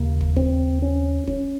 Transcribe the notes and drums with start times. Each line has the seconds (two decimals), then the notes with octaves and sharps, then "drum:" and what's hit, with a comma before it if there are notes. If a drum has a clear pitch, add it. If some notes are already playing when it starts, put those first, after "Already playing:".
Already playing: D#2 C#3 A#3
0.21 drum: kick
0.36 C4, drum: kick
0.82 C#4
1.27 C#4, drum: kick